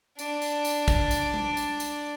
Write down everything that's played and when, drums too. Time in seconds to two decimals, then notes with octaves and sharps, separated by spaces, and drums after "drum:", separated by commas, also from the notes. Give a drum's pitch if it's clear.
0.19 D4 D5, drum: tambourine
0.42 drum: tambourine
0.65 drum: tambourine
0.88 drum: kick, tambourine
1.11 drum: tambourine
1.34 drum: tom G#3
1.57 drum: tambourine
1.80 drum: tambourine